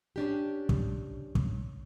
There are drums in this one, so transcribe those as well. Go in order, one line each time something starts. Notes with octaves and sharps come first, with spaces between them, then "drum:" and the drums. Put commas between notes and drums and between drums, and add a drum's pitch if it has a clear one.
C#4 D4 G4
drum: kick
drum: kick